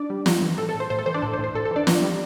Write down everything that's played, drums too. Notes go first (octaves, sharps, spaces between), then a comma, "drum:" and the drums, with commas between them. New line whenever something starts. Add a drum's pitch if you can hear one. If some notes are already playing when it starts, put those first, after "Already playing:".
Already playing: D4 D5
G3
G3, drum: snare
E3
A2 A4
A4
A2
C5
A2 C5
A4
E3 C5
D4 D5
A2 A4
C5
A2
C5
A2 A4
A4
E3
D4 D5
E3, drum: snare
G3